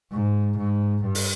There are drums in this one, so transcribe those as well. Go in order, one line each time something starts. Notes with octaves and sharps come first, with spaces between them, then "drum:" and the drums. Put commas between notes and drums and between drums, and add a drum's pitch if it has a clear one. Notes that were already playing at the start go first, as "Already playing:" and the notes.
G#2
G#2
G2
drum: open hi-hat